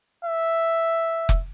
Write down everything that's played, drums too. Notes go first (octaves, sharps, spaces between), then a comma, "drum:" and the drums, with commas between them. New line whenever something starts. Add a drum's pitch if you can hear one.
E5
drum: kick F1